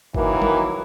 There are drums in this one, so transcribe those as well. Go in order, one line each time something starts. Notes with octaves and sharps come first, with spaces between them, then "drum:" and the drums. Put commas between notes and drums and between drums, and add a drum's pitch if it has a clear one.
D#3 E3 F#3 A#3, drum: kick G1
drum: tom